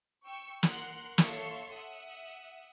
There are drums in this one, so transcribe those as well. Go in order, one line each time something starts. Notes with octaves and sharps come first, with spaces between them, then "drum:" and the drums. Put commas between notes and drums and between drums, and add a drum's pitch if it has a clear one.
G5 C#6 E6
A#4 F#5 C6 F#6, drum: snare
A4 C#5 E5 F5 C6 C#6, drum: snare
E5 F#5 D#6